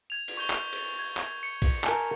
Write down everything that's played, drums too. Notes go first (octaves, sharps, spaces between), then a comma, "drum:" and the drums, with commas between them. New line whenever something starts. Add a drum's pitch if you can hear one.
G#6 F7
drum: cymbal
C#6 G6 G7
drum: clap
drum: cymbal
G#6
drum: clap
C#7
drum: kick, cymbal
A#4 G#5 A5, drum: clap